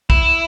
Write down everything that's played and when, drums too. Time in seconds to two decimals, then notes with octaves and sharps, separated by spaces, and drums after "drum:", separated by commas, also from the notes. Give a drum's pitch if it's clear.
0.10 E4, drum: kick